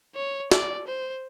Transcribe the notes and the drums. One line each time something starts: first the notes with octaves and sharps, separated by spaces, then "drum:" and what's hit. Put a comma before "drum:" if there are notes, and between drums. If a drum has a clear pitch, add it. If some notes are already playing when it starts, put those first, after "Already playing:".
C#5
D5, drum: snare
C5